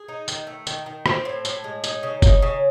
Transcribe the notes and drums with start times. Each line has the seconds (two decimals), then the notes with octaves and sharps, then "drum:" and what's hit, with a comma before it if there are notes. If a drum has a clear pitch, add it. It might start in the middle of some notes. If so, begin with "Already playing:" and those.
Already playing: G#4
0.08 D#4
0.28 D#3, drum: tambourine
0.47 A3
0.67 D#3, drum: tambourine
0.86 D#3
1.06 C4, drum: rim click
1.25 A2
1.45 A2, drum: tambourine
1.64 G#3
1.84 D#4, drum: tambourine
2.03 C#3
2.22 D#4, drum: kick F#1, tambourine
2.42 C#3